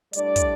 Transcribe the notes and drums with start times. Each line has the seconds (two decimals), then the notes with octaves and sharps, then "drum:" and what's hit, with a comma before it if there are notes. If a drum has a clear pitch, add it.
0.13 A2 G3 D4 D5, drum: hi-hat
0.36 drum: kick, hi-hat